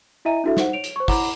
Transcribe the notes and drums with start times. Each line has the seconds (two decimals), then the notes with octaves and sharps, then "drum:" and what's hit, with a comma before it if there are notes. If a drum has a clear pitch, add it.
0.25 E4 D#5 E5 G#5 A#5 D#7
0.44 D4 E4 F#4 A4 E5
0.57 D#4 C5 F#5, drum: snare
0.73 C#5 D7 F7
0.84 drum: hi-hat
0.96 C5 C#6
1.08 E4 C#5 F#5 A#5 B5 D6, drum: kick, open hi-hat